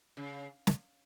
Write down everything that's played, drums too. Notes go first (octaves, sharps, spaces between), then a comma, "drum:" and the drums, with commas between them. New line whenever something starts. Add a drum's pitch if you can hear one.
C#3
drum: snare